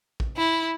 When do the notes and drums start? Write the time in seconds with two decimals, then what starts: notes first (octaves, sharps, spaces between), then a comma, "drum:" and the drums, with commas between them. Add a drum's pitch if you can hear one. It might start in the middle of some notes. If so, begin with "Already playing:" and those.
0.20 drum: kick A1
0.37 E4